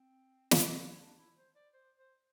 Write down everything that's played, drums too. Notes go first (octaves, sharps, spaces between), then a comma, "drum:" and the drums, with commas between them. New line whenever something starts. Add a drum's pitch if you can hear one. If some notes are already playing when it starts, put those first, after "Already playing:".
Already playing: C4
drum: snare
G4
E4
D4
E4
C5
D5
C5
C5